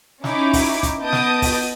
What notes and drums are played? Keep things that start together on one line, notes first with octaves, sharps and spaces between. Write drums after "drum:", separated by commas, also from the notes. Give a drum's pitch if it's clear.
C#4 D#4 E4 D6, drum: snare
drum: kick, open hi-hat
drum: kick, hi-hat
B3 D#5 A5 D#6 G6 D7
drum: snare
drum: kick, open hi-hat